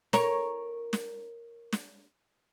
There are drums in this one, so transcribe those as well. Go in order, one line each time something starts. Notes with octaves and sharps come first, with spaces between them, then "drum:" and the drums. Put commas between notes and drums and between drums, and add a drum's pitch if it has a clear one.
A#4 C#5, drum: snare
drum: snare
drum: snare